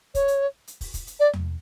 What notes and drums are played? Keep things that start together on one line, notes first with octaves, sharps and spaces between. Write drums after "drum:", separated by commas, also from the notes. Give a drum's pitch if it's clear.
C#5, drum: kick, hi-hat
drum: hi-hat
drum: hi-hat
drum: kick, open hi-hat
drum: kick, hi-hat
drum: hi-hat
D5
drum: tom E2